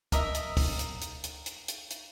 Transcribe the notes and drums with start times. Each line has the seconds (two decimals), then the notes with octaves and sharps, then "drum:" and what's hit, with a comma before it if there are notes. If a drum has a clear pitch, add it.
0.12 A#4 D#5 E5, drum: kick, hi-hat
0.35 drum: hi-hat
0.57 drum: kick, open hi-hat
0.79 drum: hi-hat
1.01 drum: hi-hat
1.24 drum: hi-hat
1.46 drum: hi-hat
1.68 drum: hi-hat
1.90 drum: hi-hat